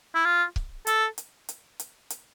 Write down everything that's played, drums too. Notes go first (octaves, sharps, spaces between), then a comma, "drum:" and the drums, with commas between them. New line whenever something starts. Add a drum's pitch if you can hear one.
E4
F4
drum: kick C#1
A4, drum: hi-hat
drum: hi-hat
drum: hi-hat
drum: hi-hat
drum: hi-hat